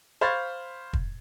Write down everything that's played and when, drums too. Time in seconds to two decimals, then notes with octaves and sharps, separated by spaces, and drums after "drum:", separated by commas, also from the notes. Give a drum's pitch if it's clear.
0.21 C5 F5 B5 C#6 G#6 A6
0.93 drum: kick